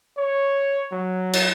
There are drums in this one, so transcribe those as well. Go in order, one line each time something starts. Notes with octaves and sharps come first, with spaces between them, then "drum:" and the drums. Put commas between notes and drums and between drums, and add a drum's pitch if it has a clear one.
C#5
F#3
drum: cymbal